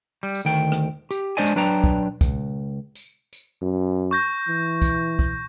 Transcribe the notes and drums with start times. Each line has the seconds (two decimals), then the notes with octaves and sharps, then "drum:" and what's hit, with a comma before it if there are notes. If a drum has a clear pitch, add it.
0.23 G3
0.35 drum: tambourine
0.45 D2 D#3 G5
0.72 drum: rim click
1.11 G4, drum: tambourine
1.37 G#3 D4 C5 D5 D#5 G#5
1.46 drum: tambourine
1.56 F#3 D4 B4 D5 G5 A#5
1.84 drum: kick
2.21 C#2, drum: kick, tambourine
2.95 drum: tambourine
3.33 drum: tambourine
3.62 F#2
4.11 C#6 G6 A#6
4.48 E3
4.82 drum: kick, tambourine
5.19 drum: kick